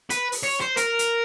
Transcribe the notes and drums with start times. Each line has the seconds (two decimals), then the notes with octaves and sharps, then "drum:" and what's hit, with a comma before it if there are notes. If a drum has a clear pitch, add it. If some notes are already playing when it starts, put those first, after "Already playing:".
0.10 B4, drum: hi-hat
0.32 drum: open hi-hat
0.43 C#5
0.60 C5
0.77 A#4, drum: hi-hat
0.99 drum: hi-hat